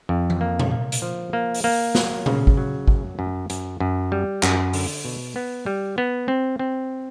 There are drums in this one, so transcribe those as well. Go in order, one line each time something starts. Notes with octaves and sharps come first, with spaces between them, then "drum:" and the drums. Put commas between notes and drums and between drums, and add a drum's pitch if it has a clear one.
F2
drum: tom E3
A#3
drum: tom A#2
A#3
drum: hi-hat
F3
A#3
drum: open hi-hat
A#3
F#3, drum: snare
C#3, drum: tom A#2
drum: kick
F#3
F#2, drum: kick
F#2
F#2, drum: hi-hat
F#2
G3
F#2, drum: clap
D3, drum: open hi-hat
B2
B3
G3
B3
C4
C4